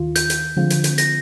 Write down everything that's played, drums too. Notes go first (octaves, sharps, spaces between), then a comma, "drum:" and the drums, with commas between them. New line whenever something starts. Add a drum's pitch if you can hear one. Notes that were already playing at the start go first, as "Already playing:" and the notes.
Already playing: D#2 D#3 F4
G6, drum: hi-hat
drum: hi-hat
D3 F3 G#3 C4 F4
drum: hi-hat
drum: hi-hat
A#6, drum: hi-hat